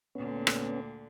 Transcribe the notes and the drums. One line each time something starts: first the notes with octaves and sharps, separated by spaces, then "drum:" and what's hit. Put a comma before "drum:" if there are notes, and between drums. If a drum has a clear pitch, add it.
D2 A#2 D3 B3 C#4
drum: rim click